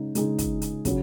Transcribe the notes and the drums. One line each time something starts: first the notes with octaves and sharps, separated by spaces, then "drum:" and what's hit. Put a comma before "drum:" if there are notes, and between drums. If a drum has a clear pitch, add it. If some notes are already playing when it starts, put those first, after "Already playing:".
Already playing: C#3 G#3 D#4
C#3 G#3 D#4 G#4, drum: hi-hat
drum: kick, hi-hat
drum: hi-hat
C#3 F#3 C#4, drum: kick, hi-hat